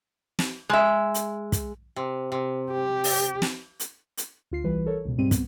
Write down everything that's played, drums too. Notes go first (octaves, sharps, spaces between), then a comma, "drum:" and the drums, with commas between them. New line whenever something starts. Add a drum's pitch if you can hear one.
drum: snare
G#3 E5
drum: hi-hat
drum: kick, hi-hat
C3
C3
G4
drum: open hi-hat
drum: snare
drum: hi-hat
drum: hi-hat
D2 F4 C7
B1 E3 G3 B4
A4 A#4 C#5
C#2 B2
G#2 G3 C4 D#7
B3, drum: kick, hi-hat